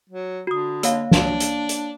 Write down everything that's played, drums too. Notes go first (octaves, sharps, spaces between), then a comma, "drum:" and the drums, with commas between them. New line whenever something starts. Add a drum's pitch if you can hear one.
F#3
D3 F#4 D#6
A#3 C#5 F5, drum: hi-hat
D4, drum: snare
drum: hi-hat
drum: hi-hat